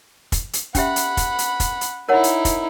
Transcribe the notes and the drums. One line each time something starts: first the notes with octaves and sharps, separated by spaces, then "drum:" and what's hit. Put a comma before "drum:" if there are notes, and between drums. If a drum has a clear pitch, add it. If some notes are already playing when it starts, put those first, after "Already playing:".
drum: kick, hi-hat
drum: hi-hat
C#4 G4 E5 F#5 B5, drum: kick, hi-hat
drum: hi-hat
drum: kick, hi-hat
drum: hi-hat
drum: kick, hi-hat
drum: hi-hat
D#4 E4 A#4 C#5 F#5
drum: hi-hat
drum: kick, hi-hat